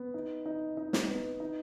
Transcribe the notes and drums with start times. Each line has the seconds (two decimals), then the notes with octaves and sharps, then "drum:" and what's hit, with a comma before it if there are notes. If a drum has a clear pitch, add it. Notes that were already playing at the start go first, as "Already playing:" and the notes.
Already playing: B3
0.14 D#4
0.46 D#4
0.77 D#4
0.93 drum: snare
1.09 B3
1.40 D#4